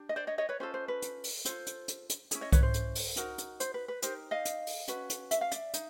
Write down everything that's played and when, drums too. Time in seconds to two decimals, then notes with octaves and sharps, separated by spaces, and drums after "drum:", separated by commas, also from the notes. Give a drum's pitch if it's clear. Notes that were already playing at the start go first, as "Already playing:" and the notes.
Already playing: D4 G4
0.09 D#5
0.16 C5 D5
0.27 C#5 D#5
0.38 C#5 D#5
0.49 B4 C#5
0.60 C#4 F4 A4 C5
0.74 C5
0.88 B4
1.02 drum: hi-hat
1.24 drum: open hi-hat
1.45 F4 A4 C5, drum: hi-hat
1.67 drum: hi-hat
1.88 drum: hi-hat
2.10 drum: hi-hat
2.31 C#4 E4 G#4, drum: hi-hat
2.41 C#5 D#5
2.52 B4 C#5, drum: kick C2, hi-hat
2.63 C5
2.74 drum: hi-hat
2.95 drum: open hi-hat
3.16 D#4 F#4 A#4, drum: hi-hat
3.38 drum: hi-hat
3.60 C5, drum: hi-hat
3.74 B4
3.88 B4
4.02 D#4 G4 A#4 C5, drum: hi-hat
4.31 D#5 F5
4.45 drum: hi-hat
4.67 drum: open hi-hat
4.88 C#4 F#4 B4, drum: hi-hat
5.10 drum: hi-hat
5.31 E5, drum: hi-hat
5.41 F5
5.51 D5 E5, drum: hi-hat
5.74 D#4, drum: hi-hat